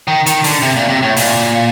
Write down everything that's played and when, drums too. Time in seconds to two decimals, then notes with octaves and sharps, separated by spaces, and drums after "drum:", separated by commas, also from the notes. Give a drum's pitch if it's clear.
0.08 D#3
0.26 D#3, drum: hi-hat
0.44 D3, drum: open hi-hat
0.62 C3
0.76 A#2
0.89 C3
1.03 A2
1.17 A#2, drum: open hi-hat